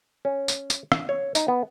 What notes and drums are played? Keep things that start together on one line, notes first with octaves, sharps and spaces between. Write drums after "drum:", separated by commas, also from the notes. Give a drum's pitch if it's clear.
C#4
drum: tambourine
drum: tambourine
drum: rim click
C#5
D#4, drum: tambourine
B3